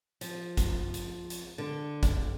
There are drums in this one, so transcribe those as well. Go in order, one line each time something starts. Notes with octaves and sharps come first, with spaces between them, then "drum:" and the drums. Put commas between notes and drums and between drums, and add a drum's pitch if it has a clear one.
F3, drum: hi-hat
drum: kick, hi-hat
drum: hi-hat
drum: hi-hat
D3
drum: kick, hi-hat